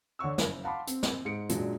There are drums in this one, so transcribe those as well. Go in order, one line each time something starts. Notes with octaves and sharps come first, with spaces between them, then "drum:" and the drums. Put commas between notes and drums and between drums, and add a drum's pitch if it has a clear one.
D3 C#5 F#5 C#6 E6
F#1, drum: snare
F5 F#5 A5 B5 C6 D6
C4, drum: hi-hat
drum: snare
G#2 C#7 D7
F#2 A#2 F#3 G#3 D4, drum: hi-hat